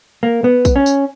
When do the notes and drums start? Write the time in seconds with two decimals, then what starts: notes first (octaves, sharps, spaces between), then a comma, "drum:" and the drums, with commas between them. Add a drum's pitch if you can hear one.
0.23 A#3
0.44 B3
0.65 drum: kick, tambourine
0.76 C#4
0.86 drum: tambourine